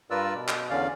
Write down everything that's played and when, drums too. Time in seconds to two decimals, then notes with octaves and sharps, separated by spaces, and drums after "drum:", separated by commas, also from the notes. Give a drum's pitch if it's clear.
0.10 G2 F4 A#4 B4 D5 E6
0.35 B2
0.48 drum: clap
0.70 E2 D3 C#4 D5 F5